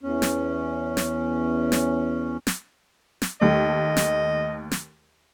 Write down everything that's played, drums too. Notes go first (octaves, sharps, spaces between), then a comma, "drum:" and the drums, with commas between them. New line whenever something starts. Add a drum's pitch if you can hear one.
E2 C#4
drum: snare
drum: snare
drum: snare
drum: snare
drum: snare
D#2 A3 D#5
drum: snare
drum: snare